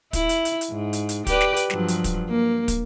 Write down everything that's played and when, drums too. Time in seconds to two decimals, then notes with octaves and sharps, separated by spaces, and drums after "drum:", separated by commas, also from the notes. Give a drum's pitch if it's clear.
0.13 E4, drum: kick, hi-hat
0.29 drum: hi-hat
0.45 drum: hi-hat
0.61 drum: hi-hat
0.71 G#2
0.93 drum: hi-hat
1.09 drum: hi-hat
1.27 G4 B4 D5, drum: kick, hi-hat
1.41 drum: snare
1.56 drum: hi-hat
1.70 G2 F3 F#3, drum: snare
1.88 drum: hi-hat
2.04 drum: kick, hi-hat
2.29 A#3
2.68 drum: kick, hi-hat